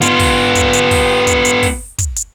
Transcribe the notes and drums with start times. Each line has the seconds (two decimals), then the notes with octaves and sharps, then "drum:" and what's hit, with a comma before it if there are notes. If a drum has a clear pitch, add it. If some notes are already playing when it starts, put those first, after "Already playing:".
0.02 B3 F4, drum: hi-hat
0.19 drum: kick, open hi-hat
0.55 drum: kick, hi-hat
0.73 drum: hi-hat
0.91 drum: kick, open hi-hat
1.27 drum: kick, hi-hat
1.45 drum: hi-hat
1.63 drum: kick, open hi-hat
1.98 drum: kick, hi-hat
2.16 drum: hi-hat